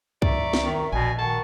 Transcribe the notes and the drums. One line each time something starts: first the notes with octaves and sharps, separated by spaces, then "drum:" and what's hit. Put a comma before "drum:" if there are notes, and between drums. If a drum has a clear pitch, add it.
D5 E5 A#5 C#6, drum: kick C2
drum: snare
D#3
A#1 B2 D5 G#5
D#3 F#5 A5 C#6